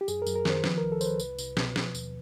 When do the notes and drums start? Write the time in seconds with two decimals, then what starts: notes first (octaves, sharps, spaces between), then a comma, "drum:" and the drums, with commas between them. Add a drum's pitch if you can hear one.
0.01 G4
0.08 F#2 G#4, drum: tambourine
0.22 A#4
0.27 F#2, drum: tambourine
0.36 A#4
0.45 D#3 C5, drum: snare
0.64 F3 B4, drum: snare
0.78 C2 A#4
0.92 A4
1.01 C2 B4 C5, drum: tambourine
1.20 C2, drum: tambourine
1.39 C2, drum: tambourine
1.57 B2, drum: snare
1.76 F3, drum: snare
1.95 D#2, drum: tambourine